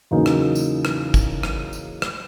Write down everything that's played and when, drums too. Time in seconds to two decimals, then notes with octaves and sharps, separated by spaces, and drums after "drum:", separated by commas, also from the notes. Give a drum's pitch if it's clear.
0.11 E2 C#3 F#3 A#3 D#4
0.26 drum: rim click
0.55 drum: tambourine
0.85 drum: rim click
1.14 drum: kick G#1, tambourine
1.43 drum: rim click
1.73 drum: tambourine
2.02 drum: rim click